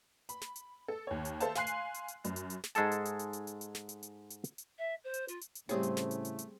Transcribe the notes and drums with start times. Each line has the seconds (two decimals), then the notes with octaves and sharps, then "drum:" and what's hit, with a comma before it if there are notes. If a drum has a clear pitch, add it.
0.29 B5, drum: hi-hat
0.42 drum: snare
0.56 drum: hi-hat
0.88 A4
1.07 D#2 C#5
1.25 drum: hi-hat
1.40 A4 C5 E5 F5 A5, drum: hi-hat
1.55 F5 G#5 C6 F#6 C7, drum: snare
1.67 drum: hi-hat
1.94 drum: hi-hat
2.08 drum: hi-hat
2.24 F#2, drum: hi-hat
2.36 drum: hi-hat
2.50 drum: hi-hat
2.64 drum: snare
2.75 G#2 G#3 G#4 A4 A5, drum: hi-hat
2.92 drum: hi-hat
3.05 drum: hi-hat
3.19 drum: hi-hat
3.33 drum: hi-hat
3.47 drum: hi-hat
3.61 drum: hi-hat
3.75 drum: snare
3.89 drum: hi-hat
4.03 drum: hi-hat
4.30 drum: hi-hat
4.44 drum: hi-hat
4.58 drum: hi-hat
4.78 E5
5.04 C5
5.14 drum: hi-hat
5.28 F4, drum: hi-hat
5.41 drum: hi-hat
5.55 drum: hi-hat
5.69 A2 C#3 G3 A3 C4 G4 G#4 C#5, drum: hi-hat
5.83 drum: hi-hat
5.97 drum: snare
6.11 drum: hi-hat
6.25 drum: hi-hat
6.39 drum: hi-hat